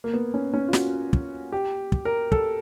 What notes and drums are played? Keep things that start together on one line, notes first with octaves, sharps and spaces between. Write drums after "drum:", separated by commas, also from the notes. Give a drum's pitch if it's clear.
A#3
B3
C#4
C#4
F4
F#4, drum: snare
drum: kick
G4
drum: kick
A#4
A4, drum: kick